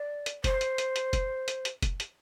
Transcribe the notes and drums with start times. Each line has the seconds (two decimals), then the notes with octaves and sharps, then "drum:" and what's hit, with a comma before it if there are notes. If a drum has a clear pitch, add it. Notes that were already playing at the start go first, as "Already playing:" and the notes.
Already playing: D5
0.26 drum: hi-hat
0.44 C5, drum: kick, hi-hat
0.61 drum: hi-hat
0.78 drum: hi-hat
0.96 drum: hi-hat
1.13 drum: kick, hi-hat
1.48 drum: hi-hat
1.65 drum: hi-hat
1.82 drum: kick, hi-hat
2.00 drum: hi-hat